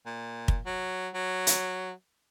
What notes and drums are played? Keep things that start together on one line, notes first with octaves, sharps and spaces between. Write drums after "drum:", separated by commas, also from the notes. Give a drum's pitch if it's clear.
A#2
drum: kick
F#3
F#3
drum: hi-hat